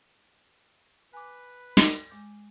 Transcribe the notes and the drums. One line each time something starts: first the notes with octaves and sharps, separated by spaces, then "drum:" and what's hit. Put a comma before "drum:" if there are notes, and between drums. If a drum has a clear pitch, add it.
B4 G#5 D6
drum: snare
G#3 D6 G6